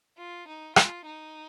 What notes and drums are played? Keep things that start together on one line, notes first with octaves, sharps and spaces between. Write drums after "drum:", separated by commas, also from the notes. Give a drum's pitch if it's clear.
F4
D#4
F4, drum: rim click
D#4